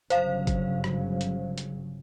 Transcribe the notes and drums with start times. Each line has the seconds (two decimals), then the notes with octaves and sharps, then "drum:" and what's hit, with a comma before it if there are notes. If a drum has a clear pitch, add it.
0.10 G1 C#3 F#3 C5 F5, drum: hi-hat
0.47 drum: kick, hi-hat
0.84 drum: rim click
1.21 drum: hi-hat
1.58 drum: hi-hat